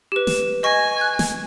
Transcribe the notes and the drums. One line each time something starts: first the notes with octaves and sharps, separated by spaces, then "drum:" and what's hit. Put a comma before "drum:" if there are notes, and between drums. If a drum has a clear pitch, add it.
G4 B4
drum: snare
D#5 G#5 C#6 A#6
F#6
drum: snare